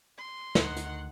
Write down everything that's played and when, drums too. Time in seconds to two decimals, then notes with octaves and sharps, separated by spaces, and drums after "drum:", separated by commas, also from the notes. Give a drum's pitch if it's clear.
0.18 C6
0.55 D2 D#3 F#5, drum: snare
0.77 drum: hi-hat